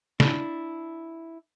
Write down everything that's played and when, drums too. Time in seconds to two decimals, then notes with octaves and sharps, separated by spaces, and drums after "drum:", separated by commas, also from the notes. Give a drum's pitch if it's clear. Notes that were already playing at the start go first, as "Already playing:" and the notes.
0.20 D4 E4, drum: snare